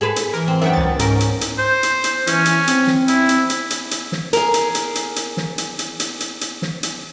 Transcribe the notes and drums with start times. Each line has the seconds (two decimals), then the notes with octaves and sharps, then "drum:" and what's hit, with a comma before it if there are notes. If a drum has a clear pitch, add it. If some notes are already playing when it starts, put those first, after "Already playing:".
0.01 G#4 A4 B4
0.16 drum: hi-hat
0.34 E3 A#4
0.48 C4
0.62 F#2 D#3 B3 E5 F#5 G5
0.73 C#2 A6
0.99 G#2 C#4 A#4, drum: hi-hat
1.20 drum: hi-hat
1.41 drum: hi-hat
1.58 C5
1.83 drum: hi-hat
2.04 drum: hi-hat
2.27 E3 C#4, drum: hi-hat
2.45 drum: hi-hat
2.67 C4, drum: hi-hat
2.87 drum: snare
3.08 E4, drum: hi-hat
3.29 drum: hi-hat
3.50 drum: hi-hat
3.70 drum: hi-hat
3.91 drum: hi-hat
4.12 drum: snare
4.33 G#4 A#4, drum: hi-hat
4.54 drum: hi-hat
4.75 drum: hi-hat
4.95 drum: hi-hat
5.16 drum: hi-hat
5.37 drum: snare
5.58 drum: hi-hat
5.79 drum: hi-hat
6.00 drum: hi-hat
6.20 drum: hi-hat
6.41 drum: hi-hat
6.62 drum: snare
6.83 drum: hi-hat